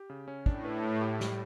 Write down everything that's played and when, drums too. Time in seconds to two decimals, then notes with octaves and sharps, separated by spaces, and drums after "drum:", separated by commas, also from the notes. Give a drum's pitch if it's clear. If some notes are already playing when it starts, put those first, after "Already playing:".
Already playing: G4
0.10 C#3
0.28 C#4
0.46 A2 D4, drum: kick
0.65 B4
0.84 A3
1.01 G4
1.20 G3, drum: snare